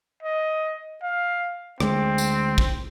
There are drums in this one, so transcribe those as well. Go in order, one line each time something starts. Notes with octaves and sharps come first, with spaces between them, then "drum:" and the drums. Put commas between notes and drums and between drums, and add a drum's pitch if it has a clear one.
D#5
F5
D2 G#3 C4, drum: rim click
drum: tambourine
drum: kick